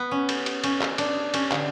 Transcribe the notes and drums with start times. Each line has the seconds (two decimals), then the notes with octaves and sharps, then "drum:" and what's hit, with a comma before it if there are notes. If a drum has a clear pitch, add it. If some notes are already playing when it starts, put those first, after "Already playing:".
Already playing: B3
0.11 C#4
0.29 drum: cymbal
0.46 drum: cymbal
0.64 C#4, drum: cymbal
0.81 drum: clap
0.98 D4, drum: cymbal
1.34 C#4, drum: cymbal
1.51 D3, drum: clap